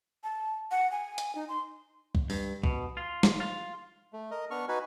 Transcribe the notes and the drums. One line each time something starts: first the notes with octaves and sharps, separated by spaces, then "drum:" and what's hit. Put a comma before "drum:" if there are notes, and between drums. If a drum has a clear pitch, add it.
A5
F#5
G#5
drum: hi-hat
D#4
C6
drum: kick
G2, drum: open hi-hat
B2, drum: kick
F4
drum: snare
F4
A3
A#4 D#5
B3 D4 C#6 F6
D#4 F#4 B4 G#5